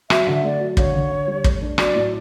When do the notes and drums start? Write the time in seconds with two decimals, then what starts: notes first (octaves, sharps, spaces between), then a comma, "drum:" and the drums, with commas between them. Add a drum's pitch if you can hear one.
0.10 F#3 E5, drum: rim click
0.27 D3
0.43 A3 D5
0.60 F#3
0.77 D3 C#5, drum: kick
0.94 D3
1.11 D3
1.27 G3
1.44 A3, drum: kick
1.62 D4
1.78 F#3 D5, drum: rim click
1.95 A2